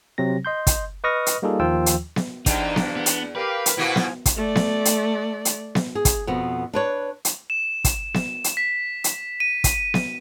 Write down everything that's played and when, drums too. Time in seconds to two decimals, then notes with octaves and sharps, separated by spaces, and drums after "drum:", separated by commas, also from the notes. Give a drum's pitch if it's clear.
0.18 C3 F#3 C4 A#6
0.45 D#5 C6 G6
0.67 drum: kick, hi-hat
1.04 B4 D#5 C#6 D#6 F6 A#6
1.26 drum: hi-hat
1.42 G3 A#3 D#4 F4 G#4 A4
1.60 D#2 D#3 F3 F4 G5 E6
1.86 drum: hi-hat
2.16 drum: snare B3
2.46 E2 G2 C3 A#3 D4 D#4, drum: kick, hi-hat
2.76 drum: snare B3
2.96 B3
3.06 drum: hi-hat
3.36 G4 A#4 B4 F5
3.66 drum: hi-hat
3.77 G#2 B2 F3 A#3 E4 F#4 G#5
3.96 drum: snare B3
4.26 drum: kick, hi-hat
4.36 A3 D5
4.55 drum: snare B3
4.85 drum: hi-hat
5.45 drum: hi-hat
5.75 drum: snare B3
5.95 G#4
6.05 drum: kick, hi-hat
6.27 F2 B2 B3
6.73 D4 B4 C#5
7.25 drum: hi-hat
7.50 E7
7.84 drum: kick, hi-hat
8.14 drum: snare B3
8.44 drum: hi-hat
8.57 B6
9.04 drum: hi-hat
9.40 D#7
9.64 drum: kick, hi-hat
9.94 drum: snare B3